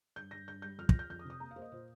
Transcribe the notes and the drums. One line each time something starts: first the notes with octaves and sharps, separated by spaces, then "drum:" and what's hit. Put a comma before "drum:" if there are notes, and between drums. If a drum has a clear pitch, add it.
G2 G6
G2 A#6
G2 G6
G3 G6
F2 F6
F3 A#6, drum: kick
G6
F2 G6
D#6
C3
D#6
A#3 A#5
F5
A#3 C5
D#5
A#2 C5